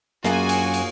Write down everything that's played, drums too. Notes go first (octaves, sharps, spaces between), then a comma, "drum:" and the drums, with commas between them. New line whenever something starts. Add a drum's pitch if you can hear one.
F#2 A#3 F4 F#4 G#4 G#5, drum: snare
drum: cymbal
drum: cymbal